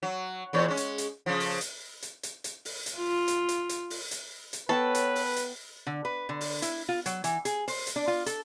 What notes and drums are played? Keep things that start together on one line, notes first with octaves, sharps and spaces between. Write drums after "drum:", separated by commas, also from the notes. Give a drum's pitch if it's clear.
F#3
E2 A#2 C#5
G#3 C#4
drum: hi-hat
drum: hi-hat
C#3 F3
drum: open hi-hat
drum: hi-hat
drum: hi-hat
drum: hi-hat
drum: hi-hat
drum: open hi-hat
drum: hi-hat
F4
drum: hi-hat
drum: hi-hat
drum: hi-hat
drum: open hi-hat
drum: hi-hat
drum: hi-hat
B3 A4 B4 C#5 G5 A5
drum: hi-hat
drum: open hi-hat
drum: hi-hat
D3
B4
D3
drum: open hi-hat
E4, drum: hi-hat
F4
F#3, drum: hi-hat
E3, drum: hi-hat
G#4, drum: hi-hat
C5, drum: open hi-hat
drum: hi-hat
D4
F4
A4, drum: hi-hat